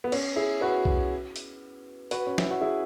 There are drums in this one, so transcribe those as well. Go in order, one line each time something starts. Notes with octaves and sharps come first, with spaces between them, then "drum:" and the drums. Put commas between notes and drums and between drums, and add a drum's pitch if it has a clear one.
B3
C#4, drum: cymbal
E4 G#4
F#4 B4
drum: kick B1
drum: hi-hat
F#4 B4, drum: hi-hat
C#4
E4, drum: snare
F#4
E4 G#4